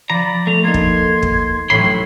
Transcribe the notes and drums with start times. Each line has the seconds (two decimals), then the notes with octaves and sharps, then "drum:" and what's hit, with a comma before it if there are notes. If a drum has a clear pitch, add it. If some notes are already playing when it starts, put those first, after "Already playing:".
0.10 F3 D5 A#5 B5
0.47 A3 F7
0.64 A#3 D#4 A4 C6 G#6
0.74 drum: kick
1.22 drum: kick
1.70 A1 A2 F#3 A4 C#5 B5 C6